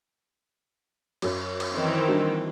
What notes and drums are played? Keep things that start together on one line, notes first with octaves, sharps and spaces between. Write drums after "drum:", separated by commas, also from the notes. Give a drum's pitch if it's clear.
F#2 F#3, drum: cymbal
drum: cymbal
D#3 E3 C4
G3 D4 F#4